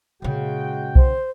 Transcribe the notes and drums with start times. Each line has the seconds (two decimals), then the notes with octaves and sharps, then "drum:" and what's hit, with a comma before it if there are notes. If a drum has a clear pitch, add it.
0.22 A#2 C#3 G#3 F#4 G5
0.95 C5, drum: kick B1